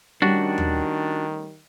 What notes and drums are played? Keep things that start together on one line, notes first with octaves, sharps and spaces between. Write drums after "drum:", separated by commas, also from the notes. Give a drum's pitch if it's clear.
D#3 G3 A3 C#4 D4 F#4
drum: tom D#2